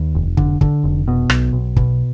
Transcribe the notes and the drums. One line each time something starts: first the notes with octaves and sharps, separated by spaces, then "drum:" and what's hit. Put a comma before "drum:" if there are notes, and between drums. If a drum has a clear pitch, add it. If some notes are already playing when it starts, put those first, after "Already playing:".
Already playing: D#2
F1
D3, drum: kick
D3, drum: kick
F1
B2
B1, drum: rim click
B1
B2, drum: kick